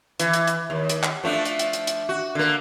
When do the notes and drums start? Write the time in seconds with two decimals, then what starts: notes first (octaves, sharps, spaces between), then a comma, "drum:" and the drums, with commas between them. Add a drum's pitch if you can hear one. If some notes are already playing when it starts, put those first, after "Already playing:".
0.20 E3, drum: hi-hat
0.33 drum: hi-hat
0.47 drum: hi-hat
0.70 D#2
0.89 drum: hi-hat
1.03 drum: clap
1.24 F3 A3 D4
1.45 drum: hi-hat
1.59 drum: hi-hat
1.73 drum: hi-hat
1.87 drum: hi-hat
2.09 F#4
2.35 D3 A#3